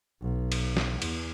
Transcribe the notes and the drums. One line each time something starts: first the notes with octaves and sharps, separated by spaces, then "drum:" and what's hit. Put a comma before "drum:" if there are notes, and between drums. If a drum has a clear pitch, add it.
B1
drum: cymbal
drum: snare
E2, drum: cymbal